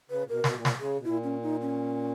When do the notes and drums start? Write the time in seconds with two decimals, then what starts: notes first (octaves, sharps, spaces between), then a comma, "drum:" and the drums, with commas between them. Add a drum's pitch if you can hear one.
0.10 C#3 B4
0.24 A#2
0.29 B2 A#4
0.44 B2, drum: snare
0.55 A#2
0.65 drum: snare
0.79 C#3 G#4
0.99 B2
1.04 A#2 E4
1.24 C#4
1.43 D#4
1.62 C#4